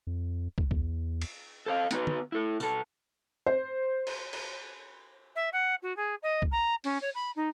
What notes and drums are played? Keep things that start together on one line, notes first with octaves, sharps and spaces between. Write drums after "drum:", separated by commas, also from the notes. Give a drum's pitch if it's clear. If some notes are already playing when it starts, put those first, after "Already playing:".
F2
drum: kick
E2, drum: kick
drum: cymbal
A4 C5 F5
B3 D#4 F#4 B4, drum: hi-hat
drum: tom
E4 A4
B2 A4, drum: tambourine
C5
drum: cymbal
drum: cymbal
E5
F#5
F#4
G#4
D#5
drum: kick
A#5
C#4, drum: open hi-hat
C#5
B5
D#4